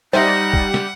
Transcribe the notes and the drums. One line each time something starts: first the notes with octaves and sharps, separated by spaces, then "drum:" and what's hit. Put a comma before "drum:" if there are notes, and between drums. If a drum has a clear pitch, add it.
G3 D#4 C5 E5 F#5
drum: kick F1
drum: snare